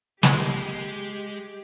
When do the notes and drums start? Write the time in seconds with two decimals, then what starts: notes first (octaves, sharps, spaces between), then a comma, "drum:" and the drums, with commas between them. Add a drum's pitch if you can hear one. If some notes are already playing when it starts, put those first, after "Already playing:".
0.23 G#3 G4, drum: snare